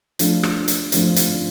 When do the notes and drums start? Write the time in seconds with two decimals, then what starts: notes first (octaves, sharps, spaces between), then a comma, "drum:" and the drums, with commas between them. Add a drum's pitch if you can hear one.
0.19 F3 A3 D4 F4, drum: hi-hat
0.43 drum: rim click
0.68 drum: hi-hat
0.92 F3 A3 D4 F4, drum: hi-hat
1.16 drum: hi-hat